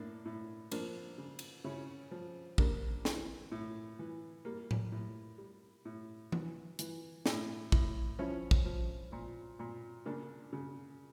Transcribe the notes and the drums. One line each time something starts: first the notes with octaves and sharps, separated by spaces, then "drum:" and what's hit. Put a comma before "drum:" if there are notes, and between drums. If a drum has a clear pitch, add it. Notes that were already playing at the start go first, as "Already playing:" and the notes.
Already playing: A2 A#3 D4
A2
F3 A#3 D4, drum: cymbal
C#3
drum: cymbal
C#3 C#4 E4
F3
G3 A#3 D4, drum: kick
E3, drum: snare
A2
E3
G3 A#3
drum: tom A2
A2
G3
A2
E3, drum: tom E3
E3, drum: hi-hat
A2, drum: snare
A2, drum: kick
F3 C#4 E4
drum: kick
F3
A#2
A#2
C#3 A#3 D4
C#3